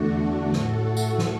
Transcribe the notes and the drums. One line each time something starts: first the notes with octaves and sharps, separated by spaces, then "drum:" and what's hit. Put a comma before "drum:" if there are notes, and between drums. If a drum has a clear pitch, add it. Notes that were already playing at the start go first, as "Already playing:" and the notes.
Already playing: E2 D3 A3 D4 F#4
A2 A3 F#4 A4, drum: snare
drum: tambourine
drum: snare